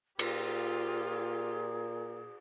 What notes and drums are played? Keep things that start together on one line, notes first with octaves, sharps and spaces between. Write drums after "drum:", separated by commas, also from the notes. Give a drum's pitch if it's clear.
A#2 F4 G4 G#4, drum: cymbal